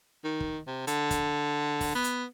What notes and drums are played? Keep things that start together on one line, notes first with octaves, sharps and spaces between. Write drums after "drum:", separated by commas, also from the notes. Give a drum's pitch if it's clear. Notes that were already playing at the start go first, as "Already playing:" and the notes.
D#3
drum: kick
C3
D3, drum: hi-hat
drum: kick, hi-hat
drum: kick, open hi-hat
B3
drum: hi-hat